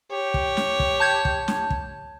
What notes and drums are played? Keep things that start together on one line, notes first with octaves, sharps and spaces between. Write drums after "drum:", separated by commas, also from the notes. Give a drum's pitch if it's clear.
G4 C#5
drum: kick
drum: snare
drum: kick
A5 G6 G#6
drum: kick
drum: snare
drum: kick